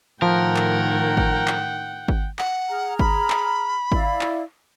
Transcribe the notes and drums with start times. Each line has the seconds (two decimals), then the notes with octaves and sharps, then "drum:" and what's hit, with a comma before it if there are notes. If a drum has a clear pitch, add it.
0.22 A2 D#3 F3 A#4 F#5 G5
0.56 drum: clap
1.17 drum: kick G#1
1.48 drum: clap
2.08 drum: kick G#1
2.39 F#5, drum: clap
2.69 G#4 A#5 F6
2.99 B5, drum: kick G#1
3.30 drum: clap
3.92 E4 D5 F5, drum: kick G#1
4.21 drum: clap